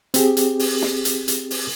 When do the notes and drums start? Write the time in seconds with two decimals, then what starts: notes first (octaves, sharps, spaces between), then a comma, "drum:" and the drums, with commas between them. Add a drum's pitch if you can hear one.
0.14 C4 G4 G#4, drum: hi-hat
0.37 drum: hi-hat
0.59 drum: open hi-hat
0.82 drum: snare
1.05 drum: hi-hat
1.28 drum: hi-hat
1.51 drum: open hi-hat